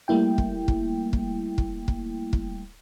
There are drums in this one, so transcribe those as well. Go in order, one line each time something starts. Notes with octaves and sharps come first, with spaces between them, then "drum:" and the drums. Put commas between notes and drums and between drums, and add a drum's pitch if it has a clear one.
G3 A3 A#3 E4 G5
drum: kick
drum: kick
drum: kick
drum: kick
drum: kick
drum: kick